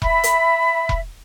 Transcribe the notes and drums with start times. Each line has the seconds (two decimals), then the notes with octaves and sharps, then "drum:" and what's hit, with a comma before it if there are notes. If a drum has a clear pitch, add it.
0.02 E5 B5, drum: kick E1
0.24 drum: hi-hat
0.89 drum: kick E1